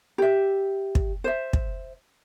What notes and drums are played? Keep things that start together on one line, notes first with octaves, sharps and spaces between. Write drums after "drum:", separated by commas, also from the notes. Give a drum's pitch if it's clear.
G4 E5
drum: kick
C5 E5
drum: kick